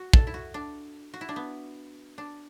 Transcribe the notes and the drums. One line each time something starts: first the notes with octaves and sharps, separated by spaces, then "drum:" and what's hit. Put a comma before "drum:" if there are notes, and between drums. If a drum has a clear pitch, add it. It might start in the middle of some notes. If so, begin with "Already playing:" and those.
Already playing: F#4
A4, drum: kick
E4
F#4
D4
F#4
E4
D4
B3
D4